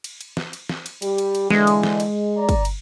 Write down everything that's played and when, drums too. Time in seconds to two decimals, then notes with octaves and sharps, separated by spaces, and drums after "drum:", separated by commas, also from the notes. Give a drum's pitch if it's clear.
0.04 drum: cymbal
0.21 drum: cymbal
0.37 drum: snare
0.53 drum: cymbal
0.69 drum: snare
0.86 drum: cymbal
1.02 G3 G4, drum: cymbal
1.18 drum: cymbal
1.35 drum: cymbal
1.50 D3 E3 G#3, drum: snare
1.67 drum: cymbal
1.83 drum: snare
2.00 drum: cymbal
2.37 D5 A#5
2.49 drum: kick, cymbal
2.65 drum: cymbal